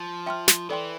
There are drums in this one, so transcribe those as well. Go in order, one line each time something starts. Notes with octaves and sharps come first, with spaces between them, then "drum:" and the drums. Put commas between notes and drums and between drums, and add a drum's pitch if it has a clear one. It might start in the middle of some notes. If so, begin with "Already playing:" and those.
Already playing: F3
E5 G5 C6 F6
drum: snare
E3 A4 D5 G5 C6